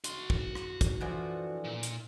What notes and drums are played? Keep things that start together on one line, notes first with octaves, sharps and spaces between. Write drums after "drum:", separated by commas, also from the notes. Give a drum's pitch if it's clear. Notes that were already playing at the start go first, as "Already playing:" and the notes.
F#4 C6, drum: hi-hat
drum: kick
drum: rim click
drum: kick, hi-hat
D3 E3 F3
A#2
drum: hi-hat